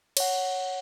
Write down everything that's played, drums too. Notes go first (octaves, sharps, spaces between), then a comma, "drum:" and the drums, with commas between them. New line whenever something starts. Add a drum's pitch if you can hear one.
C#5 F#5, drum: cymbal